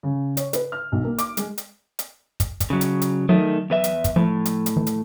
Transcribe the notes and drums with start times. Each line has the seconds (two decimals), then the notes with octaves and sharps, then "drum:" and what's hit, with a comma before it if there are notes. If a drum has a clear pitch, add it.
0.03 C#3
0.37 C#5, drum: hi-hat
0.53 B4, drum: hi-hat
0.72 F6
0.92 B1
1.05 A#3
1.18 D6, drum: hi-hat
1.37 G#3, drum: hi-hat
1.58 drum: hi-hat
1.99 drum: hi-hat
2.40 drum: kick, hi-hat
2.60 drum: kick, hi-hat
2.70 C#3 F#3
2.81 drum: hi-hat
3.02 drum: hi-hat
3.29 D#3 F#3 A3
3.70 E2 B4 E5
3.84 drum: hi-hat
4.04 drum: kick, hi-hat
4.16 A2 F3
4.45 drum: hi-hat
4.66 drum: hi-hat
4.77 E3
4.87 drum: hi-hat